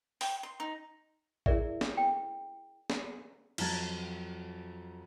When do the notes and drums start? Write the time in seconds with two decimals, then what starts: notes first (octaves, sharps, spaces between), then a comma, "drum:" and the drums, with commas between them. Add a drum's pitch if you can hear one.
0.21 G5, drum: open hi-hat
0.43 C6
0.60 D#4
1.46 E4 G#4 A#4 D5 E5, drum: kick A1
1.81 drum: snare
1.97 G5
2.90 drum: snare
3.58 F2 F#3 A5 A#5 G#6 A6, drum: cymbal